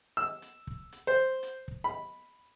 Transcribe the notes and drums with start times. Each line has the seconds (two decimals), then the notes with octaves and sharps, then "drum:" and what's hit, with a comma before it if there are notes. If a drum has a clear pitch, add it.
0.17 E6
0.42 drum: hi-hat
0.67 drum: kick
0.92 drum: hi-hat
1.07 C5
1.43 drum: hi-hat
1.68 drum: kick
1.84 B5